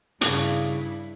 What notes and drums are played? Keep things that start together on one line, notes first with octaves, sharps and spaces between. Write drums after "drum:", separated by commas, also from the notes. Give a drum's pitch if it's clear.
G2 C#3 D4 E4, drum: hi-hat